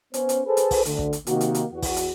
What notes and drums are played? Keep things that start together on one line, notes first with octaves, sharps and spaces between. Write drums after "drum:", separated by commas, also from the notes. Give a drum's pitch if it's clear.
B3 C#4 C5, drum: hi-hat
drum: hi-hat
G#4 A4 B4 C5
drum: hi-hat
drum: kick, open hi-hat
D2 D3, drum: hi-hat
drum: kick
drum: hi-hat
C3 D#3 A#3 F#4, drum: hi-hat
drum: hi-hat
drum: hi-hat
E2 F#4
drum: kick, open hi-hat
drum: hi-hat